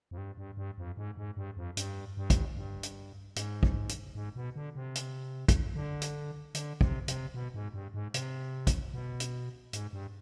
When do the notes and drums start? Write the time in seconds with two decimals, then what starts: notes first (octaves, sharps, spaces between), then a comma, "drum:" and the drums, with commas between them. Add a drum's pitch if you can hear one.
0.11 F2
0.18 G2
0.37 G2
0.57 G2
0.78 F2
0.97 G#2
1.17 G#2
1.37 G2
1.57 F2
1.77 G2, drum: hi-hat
2.17 G2
2.30 drum: kick, hi-hat
2.57 G2
2.83 drum: hi-hat
3.36 G#2, drum: hi-hat
3.63 drum: kick
3.89 drum: hi-hat
4.15 G#2
4.36 B2
4.56 D3
4.75 C3
4.95 drum: hi-hat
5.48 drum: kick, hi-hat
5.76 D3
6.02 drum: hi-hat
6.55 D3, drum: hi-hat
6.81 C3, drum: kick
7.08 C3, drum: hi-hat
7.34 B2
7.54 G#2
7.74 G2
7.94 G#2
8.14 C3, drum: hi-hat
8.67 drum: kick, hi-hat
8.93 B2
9.20 drum: hi-hat
9.73 G#2, drum: hi-hat
9.93 G2